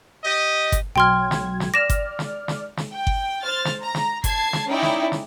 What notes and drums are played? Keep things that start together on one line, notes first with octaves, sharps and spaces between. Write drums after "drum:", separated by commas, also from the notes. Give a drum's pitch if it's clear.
G4 D#5
drum: kick G1, hi-hat
B1 F#3 G5 C6 F6 G#6
drum: snare
drum: snare
D5 F6 A#6 E7
drum: kick G1, hi-hat
drum: snare
drum: snare
drum: snare
G5
drum: kick G1
C5 F6 A6
drum: snare
A#5
drum: snare
A5 G#6 C7, drum: kick G1, hi-hat
drum: snare
C#4 D#4 E4 D5 G5
drum: snare
drum: snare